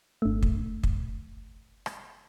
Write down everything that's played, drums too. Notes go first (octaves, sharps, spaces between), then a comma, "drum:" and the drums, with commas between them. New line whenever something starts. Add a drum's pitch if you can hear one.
G1 A3
drum: kick
drum: kick
drum: rim click